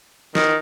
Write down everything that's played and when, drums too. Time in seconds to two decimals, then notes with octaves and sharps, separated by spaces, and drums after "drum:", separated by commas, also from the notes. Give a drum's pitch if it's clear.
0.35 D#3, drum: snare